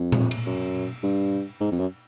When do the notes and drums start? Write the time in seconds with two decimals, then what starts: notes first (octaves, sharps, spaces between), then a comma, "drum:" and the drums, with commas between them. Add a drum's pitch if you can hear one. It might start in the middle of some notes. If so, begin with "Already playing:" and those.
Already playing: F2
0.12 drum: tom A#2
0.31 drum: cymbal
0.46 F#2
1.03 G2
1.61 G#2
1.72 F2
1.79 F#2